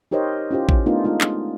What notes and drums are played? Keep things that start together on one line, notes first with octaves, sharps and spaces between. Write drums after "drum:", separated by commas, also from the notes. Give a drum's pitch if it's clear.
D#4 G4 A#4 C5 C#5 D#5
C#4 E4 F4 G4 C5
drum: kick A1
A3 B3 D4 D#4 F4 A#4
G#3 D#4 F4
drum: clap